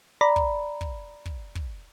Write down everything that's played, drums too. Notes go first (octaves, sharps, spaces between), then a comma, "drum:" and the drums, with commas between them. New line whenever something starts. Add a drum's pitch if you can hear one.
D5 A#5 B5
drum: kick
drum: kick
drum: kick
drum: kick